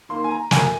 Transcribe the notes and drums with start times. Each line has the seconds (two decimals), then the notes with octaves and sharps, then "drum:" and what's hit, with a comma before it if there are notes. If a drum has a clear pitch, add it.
0.09 D#3 A#3 C6
0.24 G#5
0.30 A#5
0.51 F#2 G#5, drum: snare